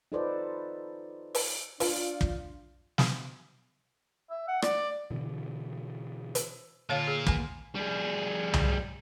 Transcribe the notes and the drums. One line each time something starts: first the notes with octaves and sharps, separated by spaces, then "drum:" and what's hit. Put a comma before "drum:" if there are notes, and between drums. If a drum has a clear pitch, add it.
D#4 F4 A4 B4 C5 D5
drum: open hi-hat
D4 F4, drum: open hi-hat
drum: kick
drum: snare
E5
F#5
D5, drum: rim click
B2 D3 E3
drum: hi-hat
A#2 D3 F4 C#5 F5
G#4
D#3 A#3 G#5, drum: kick
G3 G#4
drum: tom C2